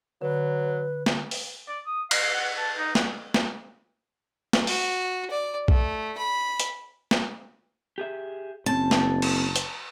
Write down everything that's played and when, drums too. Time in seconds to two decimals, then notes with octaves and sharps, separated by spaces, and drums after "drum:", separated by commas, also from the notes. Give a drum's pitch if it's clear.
0.22 D3 F#3 B4
1.06 drum: snare
1.31 drum: open hi-hat
1.68 D5
1.86 D#6
2.11 F5, drum: cymbal
2.34 F#5
2.58 A5
2.77 D#4
2.95 F#5, drum: snare
3.34 drum: snare
4.53 drum: snare
4.67 F#4, drum: open hi-hat
5.30 D5
5.68 A3, drum: kick A#1
6.18 B5
6.60 drum: hi-hat
7.11 drum: snare
7.98 G4 G#4 E5
8.66 F#1 C4 C#4 A5
8.91 drum: snare
9.22 drum: cymbal
9.56 drum: hi-hat